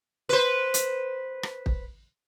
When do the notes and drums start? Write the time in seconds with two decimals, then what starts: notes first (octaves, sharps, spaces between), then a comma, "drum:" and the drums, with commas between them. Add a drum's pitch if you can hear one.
0.29 B4 C5
0.74 drum: hi-hat
1.43 drum: rim click
1.66 drum: kick